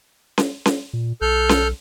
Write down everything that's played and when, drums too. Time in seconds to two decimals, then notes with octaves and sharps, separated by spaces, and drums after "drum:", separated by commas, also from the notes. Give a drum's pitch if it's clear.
0.38 drum: snare C#4
0.66 drum: snare C#4
0.93 A#2
1.21 B1 A4 F6 G6
1.49 drum: snare C#4